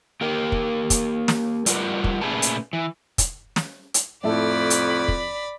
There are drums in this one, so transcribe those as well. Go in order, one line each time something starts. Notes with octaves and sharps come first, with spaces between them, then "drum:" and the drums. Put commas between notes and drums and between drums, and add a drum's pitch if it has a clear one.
A#3 G4 A#4 D#5 G5
drum: kick
drum: kick, hi-hat
drum: snare
G3 F4 F#4 A#4 B4, drum: hi-hat
drum: kick
A#2 C#3 A3 G#4 B4 A5
drum: hi-hat
E3
drum: kick, hi-hat
drum: snare
drum: hi-hat
F2 A2 E4 A4 D5 B5
drum: hi-hat
drum: kick